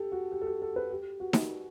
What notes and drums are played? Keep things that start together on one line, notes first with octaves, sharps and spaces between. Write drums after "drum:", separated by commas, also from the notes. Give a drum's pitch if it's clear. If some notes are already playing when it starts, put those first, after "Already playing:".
Already playing: G4 A4
F#4
G4
A4
G4
A4
B4
G4
F#4
drum: snare D#4